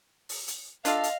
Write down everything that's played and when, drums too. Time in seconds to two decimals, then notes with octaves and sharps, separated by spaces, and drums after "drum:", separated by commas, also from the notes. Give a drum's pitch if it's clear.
0.29 drum: open hi-hat
0.48 drum: hi-hat
0.85 D4 F4 A4 D#5 F5, drum: hi-hat
1.03 drum: hi-hat